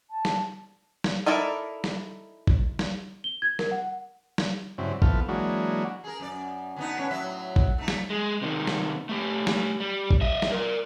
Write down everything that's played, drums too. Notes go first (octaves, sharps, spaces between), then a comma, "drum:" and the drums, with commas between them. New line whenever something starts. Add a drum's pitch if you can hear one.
A5
drum: snare
drum: snare
D#4 E4 A4 A#4 D5
drum: snare
drum: kick
drum: snare
G7
G#6
A#4, drum: snare
F#5
drum: snare
G2 C#3 F#3 C4 E4
E3 F3 B3 A4 F6, drum: kick
E3 F#3 G#3 A#3 D4 F#4
G#4 A#4
F#2 D5
D3 B3 D#4
A2 C#4 C#5
A2 F#3 E5
drum: kick
A3 D#4
drum: snare
G#3
C3 D#3
drum: snare
A3 G4
drum: snare
G3
drum: kick
D#5 E5
drum: snare
A#4 D5